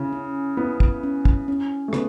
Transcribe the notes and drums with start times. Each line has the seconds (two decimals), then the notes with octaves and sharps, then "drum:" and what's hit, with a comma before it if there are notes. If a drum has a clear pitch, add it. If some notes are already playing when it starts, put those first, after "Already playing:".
Already playing: C#3 E4
0.13 C#4
0.57 B3 E4
0.80 drum: kick
1.03 C#4
1.25 drum: kick
1.48 C#4
1.88 A3
1.93 C#3 B3, drum: rim click